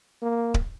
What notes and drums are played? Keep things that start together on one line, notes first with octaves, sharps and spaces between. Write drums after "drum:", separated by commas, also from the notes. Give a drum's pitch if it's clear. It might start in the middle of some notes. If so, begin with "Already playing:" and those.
A#3
drum: kick D1